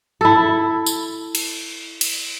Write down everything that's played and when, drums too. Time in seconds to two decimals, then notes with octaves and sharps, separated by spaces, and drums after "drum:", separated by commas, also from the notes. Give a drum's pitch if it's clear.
0.21 E4 A4
0.86 drum: tambourine
1.35 drum: cymbal
2.01 drum: cymbal